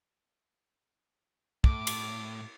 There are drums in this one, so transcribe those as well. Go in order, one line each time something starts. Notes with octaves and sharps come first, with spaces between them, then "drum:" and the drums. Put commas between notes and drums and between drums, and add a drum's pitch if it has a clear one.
A2 D6, drum: kick
drum: cymbal